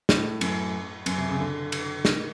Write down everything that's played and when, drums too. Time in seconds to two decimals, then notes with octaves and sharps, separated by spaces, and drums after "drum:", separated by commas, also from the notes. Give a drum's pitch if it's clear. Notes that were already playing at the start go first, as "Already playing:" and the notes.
0.09 A2, drum: snare
0.41 F#2, drum: cymbal
1.06 F#2, drum: cymbal
1.17 C3
1.29 C#3
1.40 D3
1.72 drum: cymbal
2.05 D#3, drum: snare